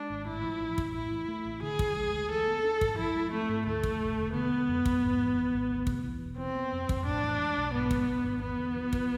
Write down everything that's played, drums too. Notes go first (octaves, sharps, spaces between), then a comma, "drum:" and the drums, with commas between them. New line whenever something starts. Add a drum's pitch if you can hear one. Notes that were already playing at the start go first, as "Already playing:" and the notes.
Already playing: G#3 D4
G#1
A2 E4
F3
A1
A1, drum: kick
A2 E4
E3
A3
A1
D3 G#4
F3, drum: kick
G#3
D2
E3 A4
B3
D4
G#2, drum: kick
F3 E4
G#3
A3 C4
G#2
D2 A3
D3, drum: kick
E1
E1
D3 B3
G#3
F2
F2, drum: kick
G#2
E3
G#1
G#1
D2
C3, drum: kick
E3
E1
E3 C4
B3
F2
F2, drum: kick
A2 D4
E3
G#3
B1
G#2 B3
G#3, drum: kick
D4
G#1
E2 B3
D3
F3
drum: kick